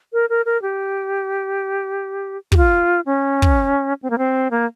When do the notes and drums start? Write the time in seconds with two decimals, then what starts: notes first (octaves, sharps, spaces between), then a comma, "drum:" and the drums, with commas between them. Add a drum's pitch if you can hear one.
0.13 A#4
0.30 A#4
0.46 A#4
0.62 G4
2.52 G4, drum: kick
2.57 F4
3.06 C#4
3.42 drum: kick
4.03 C4
4.10 A#3
4.18 C4
4.51 A#3